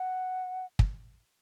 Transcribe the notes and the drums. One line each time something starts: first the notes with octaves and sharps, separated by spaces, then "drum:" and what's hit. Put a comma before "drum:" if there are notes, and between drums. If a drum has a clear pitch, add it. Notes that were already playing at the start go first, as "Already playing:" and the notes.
Already playing: F#5
drum: kick